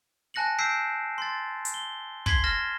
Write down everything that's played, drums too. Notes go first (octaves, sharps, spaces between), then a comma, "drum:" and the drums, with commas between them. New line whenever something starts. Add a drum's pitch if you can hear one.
G#5 A5 F#6 A#6 C#7 F#7
E6 G6 B6 C7 D7 E7
C6 A6
drum: hi-hat
G7
C6 G#6 B6 C7 G7, drum: kick
F6 A6 A#6 E7